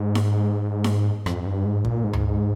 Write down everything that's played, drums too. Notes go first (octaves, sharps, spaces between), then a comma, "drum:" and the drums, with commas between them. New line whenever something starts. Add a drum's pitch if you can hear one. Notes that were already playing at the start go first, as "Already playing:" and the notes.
Already playing: G#2
drum: snare D#4
drum: snare D#4
F2, drum: rim click
G2
G#2
A#2, drum: kick
G#2
drum: tom D2